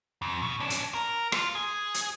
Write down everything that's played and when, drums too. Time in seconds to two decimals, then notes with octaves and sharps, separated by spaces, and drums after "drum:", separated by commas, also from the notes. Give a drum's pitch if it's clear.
0.22 F2
0.42 B2
0.60 C#4 D4
0.70 drum: hi-hat
0.94 A#4
1.32 F4, drum: rim click
1.55 G#4
1.94 drum: hi-hat